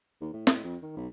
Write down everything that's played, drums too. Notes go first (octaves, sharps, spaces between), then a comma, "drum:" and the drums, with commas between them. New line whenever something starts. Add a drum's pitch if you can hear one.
D#2
A2
A2, drum: snare
F2
D#3
B1